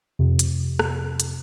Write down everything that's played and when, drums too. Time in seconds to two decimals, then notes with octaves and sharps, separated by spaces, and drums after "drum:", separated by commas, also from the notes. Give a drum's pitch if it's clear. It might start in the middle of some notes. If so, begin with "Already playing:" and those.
0.19 F2 C3
0.39 drum: hi-hat
0.79 drum: rim click
1.20 drum: hi-hat